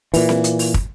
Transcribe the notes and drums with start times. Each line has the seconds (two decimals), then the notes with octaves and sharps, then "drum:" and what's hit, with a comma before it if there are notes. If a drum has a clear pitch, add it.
0.14 A#2 E3, drum: open hi-hat
0.29 drum: snare C4
0.44 drum: hi-hat
0.59 drum: open hi-hat
0.74 drum: kick